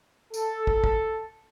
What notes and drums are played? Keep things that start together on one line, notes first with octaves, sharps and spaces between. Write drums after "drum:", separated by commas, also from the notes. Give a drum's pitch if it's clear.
A4, drum: tambourine
drum: kick
drum: kick